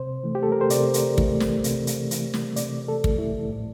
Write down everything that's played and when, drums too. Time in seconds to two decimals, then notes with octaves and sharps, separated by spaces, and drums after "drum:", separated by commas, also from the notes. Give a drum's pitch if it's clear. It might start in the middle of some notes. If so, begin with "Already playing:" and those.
Already playing: C3 C5
0.24 E3 A3
0.35 G4
0.43 A4
0.52 A#4
0.61 C5
0.70 C3 D5, drum: hi-hat
0.94 drum: hi-hat
1.18 E3 A3, drum: kick
1.40 drum: snare
1.64 C3, drum: hi-hat
1.87 drum: hi-hat
2.11 E3 A3, drum: hi-hat
2.34 drum: snare
2.56 C3 D5, drum: hi-hat
2.88 A4
3.04 E3 A3, drum: kick
3.18 E4
3.49 A2